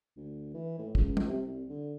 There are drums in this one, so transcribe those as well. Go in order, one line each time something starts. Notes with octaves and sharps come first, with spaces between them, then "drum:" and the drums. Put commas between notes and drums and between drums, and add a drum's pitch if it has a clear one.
D2
E3
A2
C#2, drum: kick
drum: tom G3
C3
C2
D3